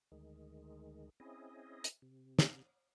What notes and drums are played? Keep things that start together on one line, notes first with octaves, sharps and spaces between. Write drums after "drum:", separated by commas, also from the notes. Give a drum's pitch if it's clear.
D2 D#3 G#3
C4 C#4 E4 G#4 D#5
drum: hi-hat
C3
drum: snare